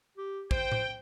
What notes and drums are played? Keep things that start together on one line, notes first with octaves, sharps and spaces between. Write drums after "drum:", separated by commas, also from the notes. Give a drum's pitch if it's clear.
G4
C5 G5, drum: kick
drum: tom A2